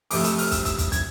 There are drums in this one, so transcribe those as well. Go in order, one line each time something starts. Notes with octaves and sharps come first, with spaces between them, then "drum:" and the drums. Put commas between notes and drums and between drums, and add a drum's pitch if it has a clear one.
F2 C3 F3 A3 D6, drum: open hi-hat
E6, drum: hi-hat
F6, drum: open hi-hat
E6, drum: kick, hi-hat
E6, drum: kick, hi-hat
drum: kick, hi-hat
G#6, drum: kick, hi-hat